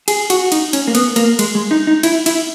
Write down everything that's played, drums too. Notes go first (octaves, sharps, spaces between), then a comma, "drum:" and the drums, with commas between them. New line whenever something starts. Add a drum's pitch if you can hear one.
G#4, drum: cymbal
F#4, drum: cymbal
D#4, drum: cymbal
C#4, drum: cymbal
A#3
B3, drum: cymbal
A#3, drum: cymbal
G#3, drum: cymbal
G#3
D#4
D#4
E4, drum: cymbal
E4, drum: cymbal